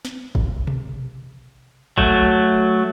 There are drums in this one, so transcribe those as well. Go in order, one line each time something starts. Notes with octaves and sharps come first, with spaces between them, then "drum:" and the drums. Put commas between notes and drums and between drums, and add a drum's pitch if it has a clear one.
drum: snare
drum: kick
drum: tom B2
F#3 A3, drum: kick